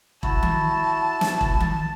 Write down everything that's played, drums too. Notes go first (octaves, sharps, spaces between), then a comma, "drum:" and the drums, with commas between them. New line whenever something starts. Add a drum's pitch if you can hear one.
E4 F#4 A5, drum: kick E1
drum: tom D#3
drum: snare
drum: kick E1
drum: tom D#3